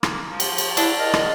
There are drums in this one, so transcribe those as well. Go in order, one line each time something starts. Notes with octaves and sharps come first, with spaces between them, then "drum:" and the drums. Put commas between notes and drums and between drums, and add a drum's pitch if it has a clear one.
A#3, drum: rim click
F3
drum: cymbal
drum: cymbal
D4 E4, drum: cymbal
A#4 D#5
drum: rim click